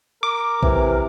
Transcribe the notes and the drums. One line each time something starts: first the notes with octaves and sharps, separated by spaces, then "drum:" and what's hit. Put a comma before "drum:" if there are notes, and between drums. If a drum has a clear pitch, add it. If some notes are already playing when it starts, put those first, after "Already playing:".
A#4 D6
C3 E3, drum: kick